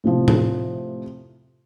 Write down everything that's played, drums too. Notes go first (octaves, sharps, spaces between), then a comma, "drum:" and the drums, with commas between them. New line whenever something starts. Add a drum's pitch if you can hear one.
A2 C3 F3
drum: tom A2